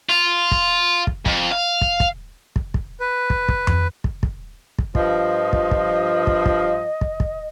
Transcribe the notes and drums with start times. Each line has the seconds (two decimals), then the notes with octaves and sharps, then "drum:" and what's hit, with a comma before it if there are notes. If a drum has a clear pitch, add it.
0.09 F4
0.51 drum: kick
1.07 drum: kick
1.26 F2, drum: kick
1.52 F5
1.81 drum: kick
2.00 drum: kick
2.56 drum: kick
2.74 drum: kick
3.00 B4
3.30 drum: kick
3.49 drum: kick
3.67 drum: tom F2
4.04 drum: kick
4.23 drum: kick
4.79 drum: kick
4.95 G2 F3 D#5, drum: kick
5.53 drum: kick
5.71 drum: kick
6.27 drum: kick
6.46 drum: kick
7.01 drum: kick
7.20 drum: kick